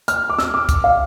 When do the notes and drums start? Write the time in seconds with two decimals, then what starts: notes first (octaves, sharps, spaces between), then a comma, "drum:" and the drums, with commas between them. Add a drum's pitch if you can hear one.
0.08 F6, drum: hi-hat
0.30 D6
0.39 E6, drum: snare
0.54 D6
0.69 drum: kick, hi-hat
0.84 F5